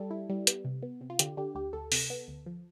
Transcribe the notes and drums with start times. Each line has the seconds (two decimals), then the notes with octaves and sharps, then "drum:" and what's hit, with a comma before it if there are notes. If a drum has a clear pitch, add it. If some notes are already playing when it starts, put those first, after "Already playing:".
Already playing: G3 A4
0.11 E4
0.29 G3
0.47 B3, drum: hi-hat
0.64 C3
0.83 B3
1.01 C3
1.10 F4
1.19 D3 G4, drum: hi-hat
1.37 D3 G4
1.55 D2 G4
1.73 D2 A4
1.92 C3, drum: open hi-hat
2.10 B3
2.28 D2
2.46 F3